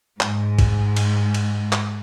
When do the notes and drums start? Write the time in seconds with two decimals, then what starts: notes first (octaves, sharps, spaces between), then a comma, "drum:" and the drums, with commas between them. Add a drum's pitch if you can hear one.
0.21 G#2 G#3, drum: clap
0.59 drum: kick, cymbal
0.96 drum: cymbal
1.34 drum: cymbal
1.72 drum: clap